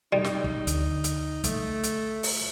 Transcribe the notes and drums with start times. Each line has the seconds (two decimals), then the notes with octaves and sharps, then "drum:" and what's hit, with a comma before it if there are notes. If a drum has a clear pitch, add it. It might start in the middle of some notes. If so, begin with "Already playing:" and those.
0.13 G3 D#4
0.24 drum: snare
0.44 drum: kick
0.67 D2, drum: hi-hat
1.04 drum: hi-hat
1.44 A3, drum: kick, hi-hat
1.83 drum: hi-hat
2.23 drum: open hi-hat